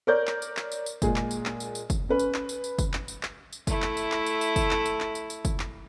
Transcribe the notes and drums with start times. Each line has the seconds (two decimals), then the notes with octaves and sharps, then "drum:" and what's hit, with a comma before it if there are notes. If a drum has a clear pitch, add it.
0.07 A#4 C#5 D5 G6
0.27 drum: clap
0.42 drum: tambourine
0.57 drum: clap
0.72 drum: tambourine
0.86 drum: tambourine
1.02 A#2 G#3 G#4, drum: kick, tambourine
1.16 drum: clap
1.31 drum: tambourine
1.45 drum: clap
1.60 drum: tambourine
1.75 drum: tambourine
1.90 drum: kick, tambourine
2.09 C#4 B4
2.19 drum: tambourine
2.34 drum: clap
2.49 drum: tambourine
2.64 drum: tambourine
2.79 drum: kick, tambourine
2.93 drum: clap
3.08 drum: tambourine
3.23 drum: clap
3.53 drum: tambourine
3.67 A3 E4, drum: kick, tambourine
3.82 drum: clap
3.97 drum: tambourine
4.12 drum: clap
4.26 drum: tambourine
4.41 drum: tambourine
4.56 drum: kick, tambourine
4.71 drum: clap
4.86 drum: tambourine
5.00 drum: clap
5.15 drum: tambourine
5.30 drum: tambourine
5.45 drum: kick, tambourine
5.60 drum: clap